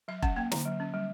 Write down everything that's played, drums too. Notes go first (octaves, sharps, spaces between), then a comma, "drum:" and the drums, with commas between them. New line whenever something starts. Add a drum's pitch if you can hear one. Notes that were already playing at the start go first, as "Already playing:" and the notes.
F#3 E5
C#4 F#5, drum: kick F1
A#3 G5
D3 A#5, drum: snare
F#3
C#4
G3